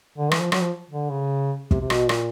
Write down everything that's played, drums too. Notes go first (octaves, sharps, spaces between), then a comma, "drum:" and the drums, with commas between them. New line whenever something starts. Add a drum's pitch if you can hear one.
D3
E3, drum: rim click
F3
F#3, drum: rim click
F3
D3
C#3
C3, drum: kick
C3
B2, drum: rim click
A#2, drum: rim click